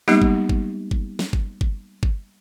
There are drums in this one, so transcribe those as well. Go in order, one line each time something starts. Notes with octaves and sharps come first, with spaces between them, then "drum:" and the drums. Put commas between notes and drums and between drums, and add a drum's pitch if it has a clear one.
G3 G#3 A#3 B3 D#4 G4, drum: snare
drum: kick G1
drum: kick G1
drum: kick G1
drum: snare
drum: kick G1
drum: kick G1
drum: kick G1